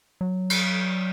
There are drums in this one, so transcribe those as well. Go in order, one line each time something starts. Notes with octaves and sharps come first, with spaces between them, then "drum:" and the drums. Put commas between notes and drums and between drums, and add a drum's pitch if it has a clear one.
F#3
drum: cymbal